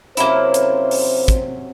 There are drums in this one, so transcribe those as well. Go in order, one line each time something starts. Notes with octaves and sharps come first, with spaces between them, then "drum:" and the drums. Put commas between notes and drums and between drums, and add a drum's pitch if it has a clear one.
C3 F#3 A#3 C#4 E4 C5, drum: hi-hat
drum: hi-hat
drum: open hi-hat
drum: kick, hi-hat